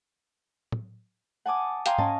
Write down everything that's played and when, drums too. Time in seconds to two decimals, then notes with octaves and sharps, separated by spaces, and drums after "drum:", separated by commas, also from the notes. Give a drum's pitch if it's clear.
0.72 drum: tom
1.45 F#5 G#5 A5 D6 D#6
1.86 F5 G5 G#5 A#5 C6 D#6, drum: hi-hat
1.98 C#4 D#5 G#5 A5, drum: tom